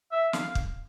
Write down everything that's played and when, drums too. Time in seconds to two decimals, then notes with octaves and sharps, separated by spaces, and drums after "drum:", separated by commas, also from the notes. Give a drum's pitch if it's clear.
0.12 E5
0.33 F5, drum: snare
0.55 drum: kick